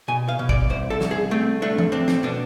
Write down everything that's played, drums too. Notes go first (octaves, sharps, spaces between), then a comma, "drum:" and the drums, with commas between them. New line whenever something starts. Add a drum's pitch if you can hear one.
B2 G#5
F5
B2
D5, drum: kick
C2 C5
A4
C2, drum: snare
G#4
A3 C4
A3 D4
drum: tom E3
C4 D4
C4, drum: snare
B2 D4